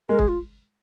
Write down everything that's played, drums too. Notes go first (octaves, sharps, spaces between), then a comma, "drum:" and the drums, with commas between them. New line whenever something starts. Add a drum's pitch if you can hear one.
G#3 A#4
G#4, drum: kick
F4